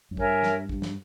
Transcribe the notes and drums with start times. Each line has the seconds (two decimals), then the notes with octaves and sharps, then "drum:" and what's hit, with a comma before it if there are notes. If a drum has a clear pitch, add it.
0.11 F#2
0.17 G2 A#4 C#5 E5 G#5, drum: kick
0.43 drum: snare
0.69 G2, drum: kick
0.82 drum: snare